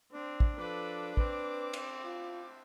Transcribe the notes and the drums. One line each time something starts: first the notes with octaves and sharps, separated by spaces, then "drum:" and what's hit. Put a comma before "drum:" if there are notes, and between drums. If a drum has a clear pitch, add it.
C4 D4
drum: kick
F3 A4 B4 D6
C4 B4, drum: kick
drum: cymbal
F4